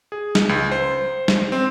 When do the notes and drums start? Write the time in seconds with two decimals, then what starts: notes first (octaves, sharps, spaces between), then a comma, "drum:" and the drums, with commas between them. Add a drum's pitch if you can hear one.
0.12 G#4
0.35 drum: snare
0.49 C#2
0.72 C5
1.28 drum: snare
1.52 C4